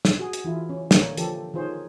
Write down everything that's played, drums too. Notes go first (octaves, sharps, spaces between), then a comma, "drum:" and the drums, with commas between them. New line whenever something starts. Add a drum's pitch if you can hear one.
drum: snare
F#4 G#4
drum: hi-hat
E3 E4 F4
C#4
D3 A#3 D4 C#5, drum: snare
F3 G4 A4, drum: hi-hat
D#3 F4 G#4 C5 C#5